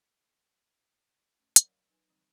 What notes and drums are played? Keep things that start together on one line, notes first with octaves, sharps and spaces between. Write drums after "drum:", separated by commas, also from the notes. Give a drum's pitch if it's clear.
A3 C#4
F#3 A#4 C#5 D#5 F#5 B5, drum: hi-hat
D5 F5
F#3 D#4 B4 G#5
D3 E3 F3 G3 C4 D#4